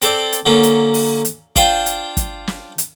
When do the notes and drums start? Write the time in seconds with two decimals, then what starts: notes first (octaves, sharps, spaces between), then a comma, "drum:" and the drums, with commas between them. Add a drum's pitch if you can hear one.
0.02 C4 A4 C5 D5, drum: hi-hat
0.32 drum: hi-hat
0.46 D3 F#3 A#3 C#4
0.63 drum: hi-hat
0.94 drum: open hi-hat
1.25 drum: hi-hat
1.56 D4 F4 C5 F5 G5, drum: kick, hi-hat
1.86 drum: hi-hat
2.17 drum: kick, hi-hat
2.47 drum: snare
2.78 drum: hi-hat